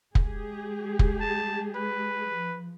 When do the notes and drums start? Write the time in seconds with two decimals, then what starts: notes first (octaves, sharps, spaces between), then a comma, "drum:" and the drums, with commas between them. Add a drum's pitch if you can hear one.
0.15 G#3 G4 G#4, drum: kick
0.99 drum: kick
1.20 A5
1.75 B4
2.28 F3